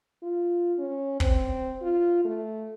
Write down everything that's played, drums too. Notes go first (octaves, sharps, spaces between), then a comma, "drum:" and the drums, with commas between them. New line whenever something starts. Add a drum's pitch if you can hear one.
F4
C#4
C4, drum: kick
F4
A3